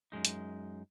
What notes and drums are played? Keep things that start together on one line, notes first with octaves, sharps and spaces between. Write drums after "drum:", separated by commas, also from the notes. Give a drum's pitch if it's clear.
F#2 C#3 G#3 D#4
drum: hi-hat